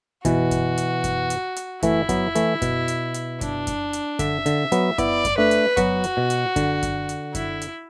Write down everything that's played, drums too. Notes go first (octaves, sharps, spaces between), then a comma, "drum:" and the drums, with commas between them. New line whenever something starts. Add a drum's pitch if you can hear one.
B2 E3 F#4, drum: kick F#2, hi-hat
drum: kick F#2, hi-hat
drum: hi-hat
drum: kick F#2, hi-hat
drum: hi-hat
drum: hi-hat
E3 A3 E4, drum: kick F#2, hi-hat
F#3 B3, drum: kick F#2, hi-hat
E3 A3, drum: hi-hat
B2, drum: kick F#2, hi-hat
drum: hi-hat
drum: hi-hat
D4, drum: kick F#2, hi-hat
drum: kick F#2, hi-hat
drum: hi-hat
D3 E5, drum: kick F#2, hi-hat
D3, drum: hi-hat
F#3 B3, drum: hi-hat
B3 E4 D5, drum: kick F#2, hi-hat
drum: kick F#2, hi-hat
A3 D4 B4
drum: hi-hat
F#3 B3 F#4, drum: kick F#2, hi-hat
drum: hi-hat
B2
drum: hi-hat
D3, drum: kick F#2, hi-hat
drum: kick F#2, hi-hat
drum: hi-hat
E4, drum: kick F#2, hi-hat
drum: hi-hat